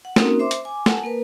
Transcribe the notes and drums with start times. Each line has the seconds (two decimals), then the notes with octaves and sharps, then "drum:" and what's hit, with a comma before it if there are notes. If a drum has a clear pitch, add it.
0.05 F#5
0.16 A#3 C4 C#4 D#4 F#4 A#4, drum: snare
0.39 C5 E5 C6 D6
0.51 drum: hi-hat
0.65 G#5 D6
0.86 F#5 G#5 A5, drum: snare
1.04 A#3 A#4 B4